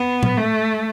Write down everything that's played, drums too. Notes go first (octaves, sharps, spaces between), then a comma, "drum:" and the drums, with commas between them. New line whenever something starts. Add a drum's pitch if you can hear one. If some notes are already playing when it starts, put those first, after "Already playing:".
Already playing: B3
drum: tom A#2
A3